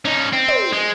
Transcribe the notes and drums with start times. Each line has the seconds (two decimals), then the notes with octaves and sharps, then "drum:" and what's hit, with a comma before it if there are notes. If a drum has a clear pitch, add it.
0.05 C#4 D#4
0.32 C4
0.48 drum: tom
0.73 G#3